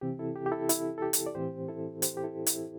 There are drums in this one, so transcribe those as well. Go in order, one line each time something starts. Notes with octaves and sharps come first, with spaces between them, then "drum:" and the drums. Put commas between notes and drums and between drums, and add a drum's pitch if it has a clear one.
C3 E3 C4 G4
E4 A4
G4
G4
E4 A4
E4, drum: hi-hat
A4
G4
drum: hi-hat
D5
A2 E3 C4 G4 C5
E4 A4
G4 C5, drum: hi-hat
G4
E4 A4
E4, drum: hi-hat